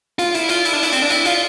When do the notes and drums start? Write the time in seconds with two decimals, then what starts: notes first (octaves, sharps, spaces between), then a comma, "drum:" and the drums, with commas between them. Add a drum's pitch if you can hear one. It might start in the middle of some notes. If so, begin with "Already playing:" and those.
0.19 F4, drum: cymbal
0.34 E4, drum: cymbal
0.49 F4, drum: cymbal
0.65 E4, drum: cymbal
0.73 D4
0.83 E4, drum: cymbal
0.92 C4, drum: cymbal
1.02 D4
1.10 E4, drum: cymbal
1.25 F4, drum: cymbal